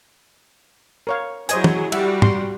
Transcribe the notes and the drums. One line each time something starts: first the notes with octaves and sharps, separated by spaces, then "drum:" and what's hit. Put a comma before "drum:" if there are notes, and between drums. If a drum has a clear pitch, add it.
A#4 C#5 F5
F#3 E4 G#4 C5 D#5 G#5, drum: hi-hat
drum: tom
G3 F#4 E5 F#5, drum: cymbal
C6, drum: tom